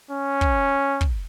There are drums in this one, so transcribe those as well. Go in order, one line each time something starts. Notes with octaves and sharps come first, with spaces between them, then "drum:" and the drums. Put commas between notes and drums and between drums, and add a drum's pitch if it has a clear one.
C#4
drum: kick
drum: kick